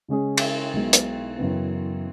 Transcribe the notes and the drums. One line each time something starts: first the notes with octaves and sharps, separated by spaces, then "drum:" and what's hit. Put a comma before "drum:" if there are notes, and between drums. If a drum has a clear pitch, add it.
C#3 G#3 C#4 G#4
drum: cymbal
B1 B2 G#3
drum: hi-hat
F#2 C#3 E3 B3